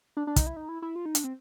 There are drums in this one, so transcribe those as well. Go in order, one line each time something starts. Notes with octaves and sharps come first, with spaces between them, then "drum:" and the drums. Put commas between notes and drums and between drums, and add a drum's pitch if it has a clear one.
D4
D4
D#4, drum: kick, hi-hat
E4
D#4
E4
E4
F4
D#4
D4, drum: hi-hat
C4